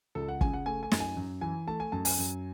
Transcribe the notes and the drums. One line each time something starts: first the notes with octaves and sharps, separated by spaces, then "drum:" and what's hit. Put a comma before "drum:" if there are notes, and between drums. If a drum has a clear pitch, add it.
C#2 A4
F#5
C#3 G#5, drum: kick
F#5
A3 G#5
G#5
F#2, drum: snare
G#5
F#2
E3 G#5
A3 A5
G#5
F#2 A5
G#5, drum: open hi-hat
F#2